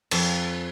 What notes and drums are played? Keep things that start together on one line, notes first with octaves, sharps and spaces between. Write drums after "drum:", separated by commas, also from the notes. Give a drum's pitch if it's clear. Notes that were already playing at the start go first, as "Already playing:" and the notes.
F2 A5, drum: cymbal